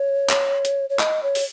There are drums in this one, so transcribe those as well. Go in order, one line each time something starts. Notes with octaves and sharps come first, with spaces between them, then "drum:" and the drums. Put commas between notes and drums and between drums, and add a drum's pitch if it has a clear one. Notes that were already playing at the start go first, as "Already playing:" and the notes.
Already playing: C#5
drum: clap
drum: hi-hat
C#5
D#5, drum: clap
C#5
drum: open hi-hat